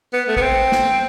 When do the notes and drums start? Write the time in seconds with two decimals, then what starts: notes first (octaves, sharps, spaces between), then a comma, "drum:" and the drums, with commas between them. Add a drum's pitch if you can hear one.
0.13 B3
0.28 A3
0.37 B3, drum: kick
0.42 C4
0.72 drum: snare